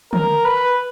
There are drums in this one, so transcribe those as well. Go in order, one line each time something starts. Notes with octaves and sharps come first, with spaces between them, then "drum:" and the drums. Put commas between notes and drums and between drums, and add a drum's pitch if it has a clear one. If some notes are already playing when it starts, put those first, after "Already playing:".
A#4, drum: tom
B4